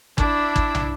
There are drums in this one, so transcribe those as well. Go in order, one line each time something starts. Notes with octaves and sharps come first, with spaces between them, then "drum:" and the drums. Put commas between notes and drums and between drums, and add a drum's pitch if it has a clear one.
D4 E4, drum: kick
drum: kick
drum: tom